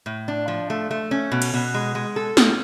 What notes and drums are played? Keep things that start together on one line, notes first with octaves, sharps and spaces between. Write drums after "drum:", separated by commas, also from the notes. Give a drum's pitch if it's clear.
A2
D4
F3
A3
A3
C#4
B2
drum: cymbal
B2
G#3
G#3
A4
C#4, drum: snare